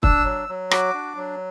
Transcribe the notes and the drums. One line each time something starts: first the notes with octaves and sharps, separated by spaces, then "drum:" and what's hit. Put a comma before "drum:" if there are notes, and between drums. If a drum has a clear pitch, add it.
D4 E6, drum: kick
F#3
F#3
F#4 D6, drum: rim click
D4
F#3